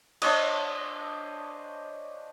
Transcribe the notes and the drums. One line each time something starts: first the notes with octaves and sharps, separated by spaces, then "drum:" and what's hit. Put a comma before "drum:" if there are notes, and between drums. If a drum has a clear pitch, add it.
D4 C5 C#5 D#5, drum: cymbal